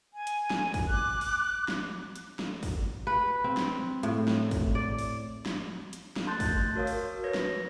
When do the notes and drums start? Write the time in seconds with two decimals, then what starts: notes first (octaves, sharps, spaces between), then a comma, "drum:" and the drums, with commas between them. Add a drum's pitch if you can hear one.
0.13 G#5
0.27 drum: hi-hat
0.50 drum: snare
0.74 drum: kick, open hi-hat
0.90 D6 F#6
1.21 drum: open hi-hat
1.68 drum: snare
2.16 drum: hi-hat
2.39 drum: snare
2.63 drum: kick, open hi-hat
3.07 B4
3.44 C4
3.57 drum: snare
4.03 A2, drum: hi-hat
4.28 drum: snare
4.51 drum: kick, open hi-hat
4.75 D5
4.99 drum: open hi-hat
5.46 drum: snare
5.93 drum: hi-hat
6.16 drum: snare
6.27 A3 A5 C6 F#6 G6 A6
6.40 drum: kick, open hi-hat
6.76 F#4 A#4 C#5 F5 D#6
6.87 drum: open hi-hat
7.24 B4 C#5 G#6 A#6
7.34 drum: snare